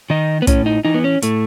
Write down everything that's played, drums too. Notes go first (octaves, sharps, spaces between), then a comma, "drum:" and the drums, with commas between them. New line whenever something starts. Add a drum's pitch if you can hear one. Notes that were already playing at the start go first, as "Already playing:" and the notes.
D#3 D#4
B3
A2 C#4, drum: kick, hi-hat
D#4
E3 D#4
B3
C#4
A2 A3, drum: hi-hat